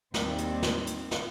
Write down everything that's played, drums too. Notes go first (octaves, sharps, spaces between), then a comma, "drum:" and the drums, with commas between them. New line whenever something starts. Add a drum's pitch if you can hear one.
D#2 D#3 G3 C4, drum: snare
drum: hi-hat
drum: snare
drum: hi-hat
drum: snare